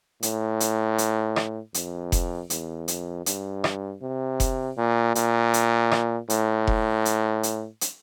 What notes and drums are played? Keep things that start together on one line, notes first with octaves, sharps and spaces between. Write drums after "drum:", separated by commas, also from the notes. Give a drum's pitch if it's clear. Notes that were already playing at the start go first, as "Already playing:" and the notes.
A2, drum: hi-hat
drum: hi-hat
drum: hi-hat
drum: rim click
F2, drum: hi-hat
drum: kick F1, hi-hat
E2, drum: hi-hat
F2, drum: hi-hat
G2, drum: hi-hat
drum: rim click
C3
drum: kick F1, hi-hat
A#2
A#2, drum: hi-hat
drum: hi-hat
drum: rim click
A2, drum: hi-hat
drum: kick F1
drum: hi-hat
drum: hi-hat
drum: hi-hat